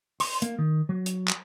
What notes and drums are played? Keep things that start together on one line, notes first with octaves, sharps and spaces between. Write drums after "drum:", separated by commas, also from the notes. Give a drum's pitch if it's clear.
C6, drum: open hi-hat
A#3, drum: hi-hat
D#3
F#3
drum: hi-hat
drum: clap